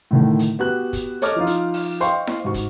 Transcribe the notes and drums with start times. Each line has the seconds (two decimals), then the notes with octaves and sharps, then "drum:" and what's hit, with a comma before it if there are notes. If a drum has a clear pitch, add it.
0.11 A2 D3 D#3
0.39 drum: hi-hat
0.59 B3 F#4 G4 F#6
0.93 drum: kick, hi-hat
1.22 A4 C#5 D#5 D6 F6, drum: hi-hat
1.36 F3 D#4 F4
1.47 drum: hi-hat
1.74 drum: open hi-hat
2.00 C5 D#5 F5 G5 C6 C#6, drum: hi-hat
2.27 drum: snare E4
2.44 G#2 F#4 C#6
2.54 drum: kick, hi-hat